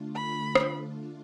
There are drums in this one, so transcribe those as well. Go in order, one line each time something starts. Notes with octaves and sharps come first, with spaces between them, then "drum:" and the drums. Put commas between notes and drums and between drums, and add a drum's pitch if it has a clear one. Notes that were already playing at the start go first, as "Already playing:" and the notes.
Already playing: D3 A3 D4 F4
B5
drum: rim click